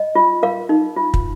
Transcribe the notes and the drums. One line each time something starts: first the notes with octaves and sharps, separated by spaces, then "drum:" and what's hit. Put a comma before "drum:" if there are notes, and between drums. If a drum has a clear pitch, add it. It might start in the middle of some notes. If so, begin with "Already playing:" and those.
Already playing: D#5
F4
A#4 F5
D#4
F4
drum: kick